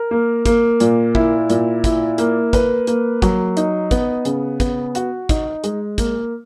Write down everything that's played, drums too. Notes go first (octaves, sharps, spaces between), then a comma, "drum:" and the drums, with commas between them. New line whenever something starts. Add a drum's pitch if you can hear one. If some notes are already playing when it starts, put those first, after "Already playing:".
Already playing: A#4
A#3
A#3, drum: kick, hi-hat
A#2, drum: hi-hat
E4, drum: kick
A#2, drum: hi-hat
E4, drum: kick, hi-hat
A#3, drum: hi-hat
B4, drum: kick, hi-hat
A#3, drum: hi-hat
F#3, drum: kick, hi-hat
D#4, drum: hi-hat
B3, drum: kick, hi-hat
C#3, drum: hi-hat
B3, drum: kick, hi-hat
F#4, drum: hi-hat
D#4, drum: kick, hi-hat
G#3, drum: hi-hat
A#3, drum: kick, hi-hat